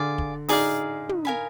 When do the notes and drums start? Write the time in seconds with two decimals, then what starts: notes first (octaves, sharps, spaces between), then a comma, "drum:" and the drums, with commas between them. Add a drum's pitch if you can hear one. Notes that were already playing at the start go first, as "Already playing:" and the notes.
Already playing: D3 G#4 D5 F5
0.18 drum: kick
0.48 D#4 G#4 D5 F5, drum: open hi-hat
1.09 drum: tom
1.25 A#4 F5 G#5 B5